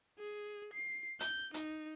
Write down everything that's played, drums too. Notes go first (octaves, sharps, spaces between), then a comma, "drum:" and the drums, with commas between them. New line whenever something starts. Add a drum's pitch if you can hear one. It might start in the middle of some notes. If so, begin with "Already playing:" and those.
G#4
C7
G6, drum: hi-hat
D#4, drum: hi-hat